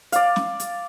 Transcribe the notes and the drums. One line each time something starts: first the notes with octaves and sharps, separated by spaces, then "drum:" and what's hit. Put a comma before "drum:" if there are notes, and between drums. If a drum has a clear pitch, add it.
D5 F5, drum: hi-hat
drum: snare
drum: hi-hat